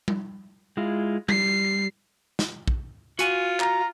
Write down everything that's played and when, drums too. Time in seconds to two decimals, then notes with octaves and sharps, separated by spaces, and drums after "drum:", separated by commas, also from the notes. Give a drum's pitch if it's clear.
0.08 drum: tom G3
0.77 G#3 E4 F4
1.29 G3 C7, drum: tom G3
2.39 drum: snare
2.68 drum: kick
3.19 F4 F#4 G#5, drum: hi-hat
3.60 A#5, drum: clap